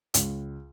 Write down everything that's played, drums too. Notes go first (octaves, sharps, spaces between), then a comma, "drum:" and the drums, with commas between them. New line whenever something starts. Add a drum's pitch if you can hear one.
C#2, drum: hi-hat